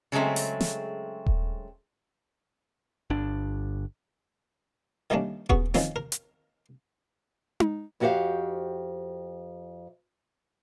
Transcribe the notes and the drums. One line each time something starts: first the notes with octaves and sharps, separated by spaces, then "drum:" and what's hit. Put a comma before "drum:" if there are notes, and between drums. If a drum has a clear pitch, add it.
C#3 F#3 G#3 A3 C4
drum: open hi-hat
drum: snare
drum: kick D#1
G1 D4
D#3 G3 A3 A#3 C#4 D4
B3 C#4 F#4 G#4 C#5, drum: kick D#1
D#3 F3 C4 C#4, drum: snare
A#4
drum: hi-hat
drum: tom D#4
F2 E4 F#4 G4 C5 F5